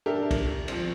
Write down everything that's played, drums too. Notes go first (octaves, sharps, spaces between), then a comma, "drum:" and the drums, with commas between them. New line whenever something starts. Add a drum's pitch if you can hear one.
D4 G4 A4 A#4 E5
drum: kick, cymbal
F3 C4, drum: cymbal